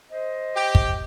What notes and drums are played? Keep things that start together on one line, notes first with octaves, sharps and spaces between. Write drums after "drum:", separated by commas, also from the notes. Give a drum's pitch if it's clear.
C5 D#5
G4
drum: kick